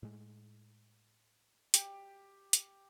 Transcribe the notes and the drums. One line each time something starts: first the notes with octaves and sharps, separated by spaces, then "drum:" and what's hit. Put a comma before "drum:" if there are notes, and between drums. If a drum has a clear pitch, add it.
A2 G#3
G4, drum: hi-hat
drum: hi-hat